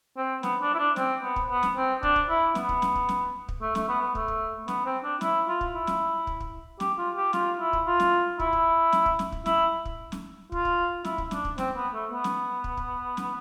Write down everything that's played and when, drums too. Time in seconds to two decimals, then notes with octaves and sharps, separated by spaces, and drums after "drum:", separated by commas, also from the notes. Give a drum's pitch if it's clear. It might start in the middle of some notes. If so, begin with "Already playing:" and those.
0.17 C4
0.43 B3, drum: snare
0.61 D4
0.74 E4
0.78 D4
0.96 C4, drum: snare
1.23 B3
1.36 drum: kick
1.49 B3
1.63 drum: snare
1.76 C4
2.03 D4, drum: kick
2.16 drum: kick
2.29 E4
2.55 B3, drum: snare
2.69 drum: kick
2.82 drum: snare
2.95 drum: kick
3.09 drum: snare
3.48 drum: kick
3.61 A3
3.75 A3, drum: snare
3.88 B3
4.01 B3
4.15 A3, drum: kick
4.28 drum: kick
4.68 B3, drum: snare
4.85 C4
5.03 D4
5.21 E4, drum: snare
5.48 F4
5.61 drum: kick
5.75 E4
5.87 drum: snare
6.27 drum: kick
6.40 drum: kick
6.80 G4, drum: snare
6.98 F4
7.16 G4
7.33 F4, drum: snare
7.60 E4
7.73 drum: kick
7.86 F4
8.00 drum: snare
8.40 E4, drum: kick
8.53 drum: kick
8.93 drum: snare
9.06 drum: kick
9.19 drum: snare
9.32 drum: kick
9.46 E4, drum: snare
9.85 drum: kick
10.12 drum: snare
10.52 F4, drum: kick
10.65 drum: kick
11.05 E4, drum: snare
11.18 drum: kick
11.31 D4, drum: snare
11.45 drum: kick
11.58 C4, drum: snare
11.75 B3
11.93 A3
12.11 B3
12.24 drum: snare
12.64 drum: kick
12.77 drum: kick
13.17 drum: snare